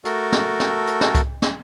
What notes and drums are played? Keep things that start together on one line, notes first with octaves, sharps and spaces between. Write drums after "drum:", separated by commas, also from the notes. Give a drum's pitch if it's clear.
A3 F#4 A4 A#4, drum: hi-hat
drum: snare
drum: snare
drum: hi-hat
drum: snare
drum: kick C2, hi-hat
drum: snare